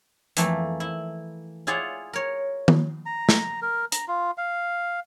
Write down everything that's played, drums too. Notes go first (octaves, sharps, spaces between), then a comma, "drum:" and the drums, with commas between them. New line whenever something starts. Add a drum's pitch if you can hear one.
F2 E3 A3 A#3, drum: hi-hat
E4
E4 F4 G#4 D5 F5 F#5
A#4 C#5
drum: tom D#3
A#5
drum: snare
A#4
A#5, drum: hi-hat
F4
F5